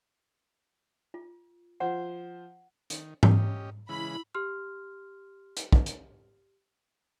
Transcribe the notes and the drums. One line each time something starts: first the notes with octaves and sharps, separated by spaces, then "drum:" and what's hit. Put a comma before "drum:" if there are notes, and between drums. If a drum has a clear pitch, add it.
F4
F3 C5 F#5
D#3, drum: hi-hat
C#4 G4 D#5, drum: tom G#2
C#3 E3 G#3 E4 B5
G4 C6 F6
drum: hi-hat
drum: kick
drum: hi-hat